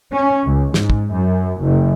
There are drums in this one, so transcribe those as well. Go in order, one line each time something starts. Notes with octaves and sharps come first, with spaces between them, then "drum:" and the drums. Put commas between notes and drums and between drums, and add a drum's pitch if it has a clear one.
C#4
C#2
G#2, drum: snare
drum: kick
F#2
F#1